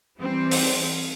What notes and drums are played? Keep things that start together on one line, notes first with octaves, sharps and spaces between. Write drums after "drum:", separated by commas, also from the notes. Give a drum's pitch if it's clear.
E3 G3 C4
drum: open hi-hat